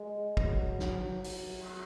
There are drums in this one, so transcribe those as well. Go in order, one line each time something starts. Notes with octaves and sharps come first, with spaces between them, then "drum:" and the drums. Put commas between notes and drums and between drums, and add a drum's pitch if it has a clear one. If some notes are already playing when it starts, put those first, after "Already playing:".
Already playing: G#3
F#3, drum: kick
drum: snare
drum: open hi-hat
drum: cymbal